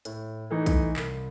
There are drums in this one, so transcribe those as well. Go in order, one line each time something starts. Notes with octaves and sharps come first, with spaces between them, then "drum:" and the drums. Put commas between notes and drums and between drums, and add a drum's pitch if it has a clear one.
A2, drum: hi-hat
E3 A3 D#4
drum: kick, hi-hat
C2, drum: clap